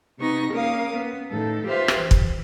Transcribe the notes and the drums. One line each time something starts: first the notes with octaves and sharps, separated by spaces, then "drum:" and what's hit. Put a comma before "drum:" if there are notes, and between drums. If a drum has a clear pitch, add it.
C3 B3 D#4 C#6 A#6
A#3 C#4 A#4 F5 D#6
B3
A2 D#3 A4
F4 G4 B4 C5 E5 F5
drum: rim click
E3
drum: kick